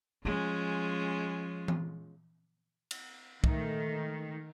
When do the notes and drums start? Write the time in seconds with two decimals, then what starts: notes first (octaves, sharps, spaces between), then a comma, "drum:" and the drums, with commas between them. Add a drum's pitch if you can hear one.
0.25 F3 G#3 C#4 F4
1.68 drum: tom E3
2.91 drum: cymbal
3.44 G#2 D#3 A3, drum: kick